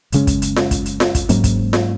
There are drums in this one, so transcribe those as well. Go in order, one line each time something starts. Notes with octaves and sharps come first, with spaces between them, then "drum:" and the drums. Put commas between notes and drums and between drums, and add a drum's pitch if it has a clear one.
F#2 C#3 G#3 C#4, drum: hi-hat
drum: kick, hi-hat
drum: hi-hat
drum: snare F4
drum: kick, hi-hat
drum: hi-hat
drum: snare F4
drum: kick, hi-hat
G#2 F#3 A#3 C#4, drum: hi-hat
drum: kick, hi-hat
drum: snare F4